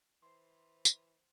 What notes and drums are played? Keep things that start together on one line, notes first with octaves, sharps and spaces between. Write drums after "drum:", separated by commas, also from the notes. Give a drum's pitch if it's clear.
E3 C5 C6
drum: tambourine